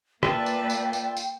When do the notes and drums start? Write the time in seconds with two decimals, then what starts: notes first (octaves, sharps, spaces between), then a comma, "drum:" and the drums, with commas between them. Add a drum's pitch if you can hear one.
0.23 A#3 F4 A4 B4 D5 E5 G5, drum: rim click
0.46 drum: tambourine
0.70 drum: tambourine
0.93 drum: tambourine
1.17 drum: tambourine